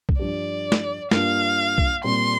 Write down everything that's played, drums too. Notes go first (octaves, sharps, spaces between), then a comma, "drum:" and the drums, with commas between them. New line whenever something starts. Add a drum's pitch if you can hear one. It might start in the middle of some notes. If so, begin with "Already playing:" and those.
drum: kick B1
G2 F3 D4 G4 D5
drum: snare
G2 G3 A#3 D4 F4 F5, drum: snare
drum: kick B1
A#2 G3 C4 C6